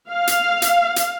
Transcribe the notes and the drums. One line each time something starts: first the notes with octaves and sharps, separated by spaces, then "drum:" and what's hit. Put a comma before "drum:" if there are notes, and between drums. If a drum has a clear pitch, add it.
F5
drum: hi-hat
drum: hi-hat
drum: hi-hat